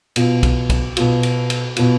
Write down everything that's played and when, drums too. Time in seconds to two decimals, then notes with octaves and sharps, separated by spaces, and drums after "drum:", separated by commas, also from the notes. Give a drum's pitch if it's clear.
0.16 B2 B3 F4, drum: cymbal
0.43 drum: kick B1, cymbal
0.70 drum: kick B1, cymbal
0.97 B2 B3 F4, drum: cymbal
1.23 drum: cymbal
1.50 drum: cymbal
1.76 B2 B3 F4, drum: cymbal